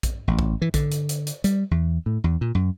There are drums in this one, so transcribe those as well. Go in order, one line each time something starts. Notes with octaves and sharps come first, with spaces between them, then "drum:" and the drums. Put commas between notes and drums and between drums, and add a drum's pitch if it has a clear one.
drum: kick A#1, hi-hat
A1
drum: kick A#1
E3
D3, drum: kick A#1, hi-hat
drum: hi-hat
drum: hi-hat
drum: hi-hat
G3, drum: hi-hat
E2
A2
E2
A#2
F#2